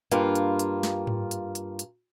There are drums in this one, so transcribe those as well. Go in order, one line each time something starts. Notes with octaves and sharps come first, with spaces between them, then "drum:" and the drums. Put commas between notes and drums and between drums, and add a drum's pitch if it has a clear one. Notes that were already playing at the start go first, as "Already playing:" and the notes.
G2 A#3 F4, drum: hi-hat
drum: hi-hat
drum: hi-hat
drum: snare
drum: tom G#2
drum: hi-hat
drum: hi-hat
drum: hi-hat